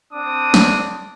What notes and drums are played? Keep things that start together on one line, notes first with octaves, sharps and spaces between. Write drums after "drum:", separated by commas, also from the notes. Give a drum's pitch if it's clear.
C4 D4 D6 D#6
drum: snare